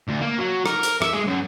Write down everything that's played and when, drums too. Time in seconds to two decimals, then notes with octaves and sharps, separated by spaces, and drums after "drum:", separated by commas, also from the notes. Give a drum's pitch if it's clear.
0.08 D2
0.21 A#3
0.38 F#3
0.66 A#4, drum: rim click
0.83 drum: hi-hat
1.02 E5, drum: rim click
1.13 G#3
1.28 F#2